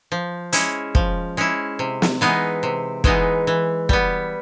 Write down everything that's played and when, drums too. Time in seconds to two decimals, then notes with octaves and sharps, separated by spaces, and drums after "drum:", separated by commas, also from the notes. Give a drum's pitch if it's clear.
0.12 F3
0.53 G#3 C#4 E4, drum: hi-hat
0.95 F3, drum: kick
1.37 G#3 C#4 E4
1.79 C3
2.02 drum: snare
2.21 E3 G#3 B3 D#4
2.63 C3
3.04 E3 G#3 B3 D#4, drum: kick
3.47 E3
3.89 G3 B3, drum: kick